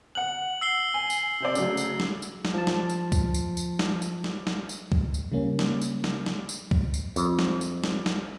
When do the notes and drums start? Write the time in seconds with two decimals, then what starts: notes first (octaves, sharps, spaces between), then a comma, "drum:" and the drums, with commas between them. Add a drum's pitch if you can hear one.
0.15 F#5 F#6 F#7
0.61 E6 C7 G7
0.94 G#5
1.10 drum: tambourine
1.40 C3 C5 D5
1.55 C#3 F#3 A3, drum: tambourine
1.77 drum: tambourine
2.00 drum: snare
2.22 drum: tambourine
2.45 drum: snare
2.54 F3 A5
2.67 drum: snare
2.90 drum: tambourine
3.12 drum: kick C#2, tambourine
3.34 drum: tambourine
3.57 drum: tambourine
3.79 drum: snare
4.02 drum: tambourine
4.24 drum: snare
4.47 drum: snare
4.69 drum: tambourine
4.92 drum: kick C#2
5.14 drum: tambourine
5.32 C#3 G3 A#3 C#4
5.59 drum: snare
5.81 drum: tambourine
6.04 drum: snare
6.26 drum: snare
6.49 drum: tambourine
6.71 drum: kick C#2
6.94 drum: tambourine
7.16 F2, drum: tambourine
7.39 drum: snare
7.61 drum: tambourine
7.84 drum: snare
8.06 drum: snare